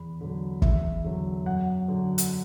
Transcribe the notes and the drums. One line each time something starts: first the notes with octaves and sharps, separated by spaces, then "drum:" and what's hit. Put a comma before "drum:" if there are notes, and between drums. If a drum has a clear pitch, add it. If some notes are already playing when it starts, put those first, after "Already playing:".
Already playing: E2 B5
D3 F#3
E2 E5, drum: kick
D3 F#3
F#2 F#5
D3 F#3
drum: hi-hat